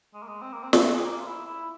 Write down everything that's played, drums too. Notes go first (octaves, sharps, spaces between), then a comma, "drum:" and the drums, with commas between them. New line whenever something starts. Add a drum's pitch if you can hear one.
G#3
A#3
G#3
C4
A#3
C4
C4, drum: snare
C4
G#4
A#3
F4
E4
E4